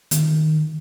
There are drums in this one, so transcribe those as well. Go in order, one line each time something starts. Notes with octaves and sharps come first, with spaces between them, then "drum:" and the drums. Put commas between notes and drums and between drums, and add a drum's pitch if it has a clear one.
D#3, drum: hi-hat